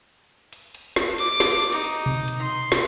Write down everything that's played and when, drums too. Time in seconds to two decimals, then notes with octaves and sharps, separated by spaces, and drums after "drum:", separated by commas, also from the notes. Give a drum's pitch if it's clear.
0.53 drum: hi-hat
0.74 drum: hi-hat
0.96 drum: snare
1.18 D6, drum: hi-hat
1.40 drum: snare
1.62 drum: hi-hat
1.72 D#4
1.84 drum: hi-hat
2.06 drum: tom B2
2.28 drum: hi-hat
2.42 C6
2.72 drum: snare